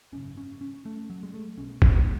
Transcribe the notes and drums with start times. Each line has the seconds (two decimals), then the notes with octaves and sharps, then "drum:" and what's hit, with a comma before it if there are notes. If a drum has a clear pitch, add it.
0.12 G#1 F#2 C#3 C#4
0.37 C#4
0.61 C#4
0.85 A3
1.10 F#3
1.23 G#3
1.34 A3
1.58 B1 B2 C#4
1.82 B3, drum: kick
1.98 G#3